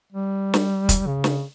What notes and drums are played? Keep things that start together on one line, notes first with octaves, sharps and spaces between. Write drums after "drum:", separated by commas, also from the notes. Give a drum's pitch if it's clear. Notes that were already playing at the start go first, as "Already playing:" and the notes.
G3
drum: snare
drum: kick, hi-hat
C#3
drum: snare